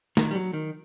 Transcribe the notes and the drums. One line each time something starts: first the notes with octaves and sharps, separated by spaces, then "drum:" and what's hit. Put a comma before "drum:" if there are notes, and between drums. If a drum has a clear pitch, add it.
D#3, drum: snare
G3
F#3
D#3